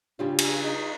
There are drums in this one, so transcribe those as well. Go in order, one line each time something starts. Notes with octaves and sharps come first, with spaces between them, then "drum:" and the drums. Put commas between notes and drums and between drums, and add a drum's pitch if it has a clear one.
C#3 G3 D4 F4
G#5, drum: cymbal
D#4